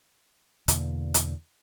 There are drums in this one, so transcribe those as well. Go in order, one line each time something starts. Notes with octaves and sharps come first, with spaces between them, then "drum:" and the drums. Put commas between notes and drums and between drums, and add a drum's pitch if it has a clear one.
E2 B2 D3 A#3, drum: hi-hat
drum: hi-hat